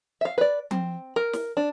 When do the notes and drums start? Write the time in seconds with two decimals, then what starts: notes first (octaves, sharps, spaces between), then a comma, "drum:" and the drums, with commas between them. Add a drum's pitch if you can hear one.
0.21 E5 F5
0.38 B4 D5
0.71 C4, drum: tom F3
1.16 A#4
1.33 drum: snare
1.57 D4